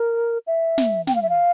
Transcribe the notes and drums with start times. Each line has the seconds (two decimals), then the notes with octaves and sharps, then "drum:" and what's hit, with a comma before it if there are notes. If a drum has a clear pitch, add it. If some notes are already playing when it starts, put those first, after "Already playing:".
Already playing: A#4
0.47 E5
0.78 drum: snare
1.07 G5, drum: snare
1.15 F5
1.22 E5
1.29 F5